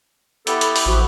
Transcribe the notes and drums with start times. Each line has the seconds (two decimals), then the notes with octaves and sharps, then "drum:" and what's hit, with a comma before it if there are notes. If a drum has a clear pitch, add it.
0.47 B3 E4 G4 A4 B5, drum: hi-hat
0.61 drum: hi-hat
0.76 drum: open hi-hat
0.86 A1 F3 F#4